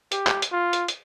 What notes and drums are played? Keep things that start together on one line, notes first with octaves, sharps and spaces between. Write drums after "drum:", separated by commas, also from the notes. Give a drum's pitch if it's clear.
G4, drum: hi-hat
drum: clap
drum: hi-hat
F4
drum: hi-hat
drum: hi-hat